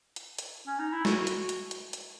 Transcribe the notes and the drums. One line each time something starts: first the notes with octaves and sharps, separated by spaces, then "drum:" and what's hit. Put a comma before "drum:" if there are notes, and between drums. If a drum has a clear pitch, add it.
drum: hi-hat
drum: hi-hat
C#4
D#4
E4
F#4, drum: snare
drum: hi-hat
drum: hi-hat
drum: hi-hat
drum: hi-hat